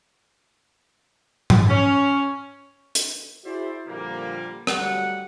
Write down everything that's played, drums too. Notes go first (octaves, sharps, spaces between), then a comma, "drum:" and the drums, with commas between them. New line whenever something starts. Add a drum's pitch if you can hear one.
drum: tom G#2
C#4
drum: hi-hat
E4 F#4 G#4 C5 D5 E5
A#2 D3 F3 G3 A#3
D2 F#3 G3 F#5, drum: rim click